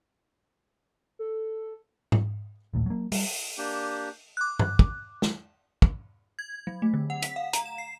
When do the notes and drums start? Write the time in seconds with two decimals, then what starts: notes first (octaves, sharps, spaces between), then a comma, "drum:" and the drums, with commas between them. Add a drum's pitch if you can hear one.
1.19 A4
2.12 drum: tom G#2
2.74 A#1 D#2 A2
2.86 F#3 A#3
3.12 G3, drum: open hi-hat
3.58 A#3 D4 G4
4.37 D6 F#6
4.59 drum: tom G2
4.79 drum: kick
5.22 drum: snare
5.82 drum: kick
6.39 G#6
6.67 F#3
6.82 A3
6.94 D3
7.10 F#5
7.22 B6, drum: hi-hat
7.36 F5
7.53 A#5, drum: hi-hat
7.66 E7
7.78 C7